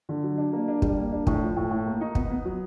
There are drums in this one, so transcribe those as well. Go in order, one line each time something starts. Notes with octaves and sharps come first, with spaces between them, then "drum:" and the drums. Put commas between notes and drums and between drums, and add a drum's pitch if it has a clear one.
D3
F#3
D4
A#3
D4
G3, drum: kick
A#3
D4
A2, drum: kick
F3
A2
A2
A#3
D#4
B3, drum: kick
B3
F#3